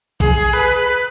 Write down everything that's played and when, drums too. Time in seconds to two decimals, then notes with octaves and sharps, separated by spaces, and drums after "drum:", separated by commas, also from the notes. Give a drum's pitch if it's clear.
0.20 G#4, drum: kick B1
0.54 B4